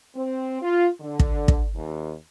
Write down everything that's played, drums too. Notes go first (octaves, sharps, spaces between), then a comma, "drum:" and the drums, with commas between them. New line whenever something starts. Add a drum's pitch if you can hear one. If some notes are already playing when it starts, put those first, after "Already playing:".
C4
F4
D3
drum: kick
drum: kick
D#2